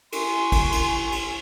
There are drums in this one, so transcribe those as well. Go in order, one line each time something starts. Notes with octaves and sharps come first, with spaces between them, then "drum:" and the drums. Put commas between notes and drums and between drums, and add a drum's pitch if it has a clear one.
G#5 C6 C#6, drum: cymbal
drum: kick, cymbal
drum: cymbal
drum: cymbal